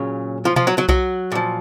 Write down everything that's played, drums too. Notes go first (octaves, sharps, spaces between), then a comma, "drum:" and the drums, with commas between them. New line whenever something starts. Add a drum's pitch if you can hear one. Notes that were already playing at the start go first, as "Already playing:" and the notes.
Already playing: A#2 C#3 F#3 C#4
F3 F4
F3 F4, drum: tom B2
F#3 F#4
F#3 F#4
F#3 F#4, drum: kick B1
A#2 F3